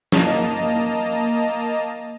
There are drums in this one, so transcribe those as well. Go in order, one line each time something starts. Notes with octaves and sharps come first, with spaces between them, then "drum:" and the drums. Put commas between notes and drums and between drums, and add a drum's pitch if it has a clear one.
A#3 D#5 A5 A#5, drum: snare